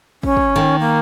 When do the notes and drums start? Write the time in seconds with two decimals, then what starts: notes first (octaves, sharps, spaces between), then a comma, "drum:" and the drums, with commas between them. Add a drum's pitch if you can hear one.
0.23 C#4, drum: kick
0.37 drum: kick
0.56 D#3
0.80 A#3